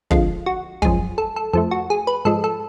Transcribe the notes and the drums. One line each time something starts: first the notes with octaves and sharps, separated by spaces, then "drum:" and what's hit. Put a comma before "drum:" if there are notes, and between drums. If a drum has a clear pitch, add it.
F2 D3 F3 G#3 F4, drum: kick
F#4
F#2 F3 G#3 G#4, drum: kick
A4
A4
F2 F3 A3 A4
F#4
G#4
B4
G#2 F3 G#3 A4
A4